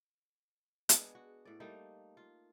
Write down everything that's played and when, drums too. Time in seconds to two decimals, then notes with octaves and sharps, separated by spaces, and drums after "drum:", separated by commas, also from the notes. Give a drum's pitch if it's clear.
0.89 G#3 B3 D4 G#4, drum: hi-hat
1.15 F#4
1.45 A2 D5
1.60 G3 A3 A#3 D#4
2.17 F4